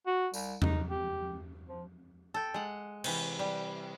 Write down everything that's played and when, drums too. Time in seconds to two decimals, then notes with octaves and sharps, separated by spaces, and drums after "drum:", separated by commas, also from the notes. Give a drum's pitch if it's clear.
0.07 F#4
0.34 C2, drum: tambourine
0.62 D#4, drum: tom E2
0.90 G4
1.69 F3
2.34 A4 G5
2.54 G#3 F#5
3.04 C3 E3, drum: cymbal
3.39 G3